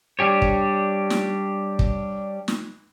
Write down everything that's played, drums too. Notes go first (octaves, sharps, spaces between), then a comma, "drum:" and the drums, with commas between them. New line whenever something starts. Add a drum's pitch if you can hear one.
G3 D4 G4 C#5
drum: kick
drum: snare
drum: kick
drum: snare